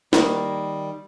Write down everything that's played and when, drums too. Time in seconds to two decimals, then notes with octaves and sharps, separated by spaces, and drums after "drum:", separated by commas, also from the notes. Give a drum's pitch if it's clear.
0.13 D#3 G3 A#3, drum: snare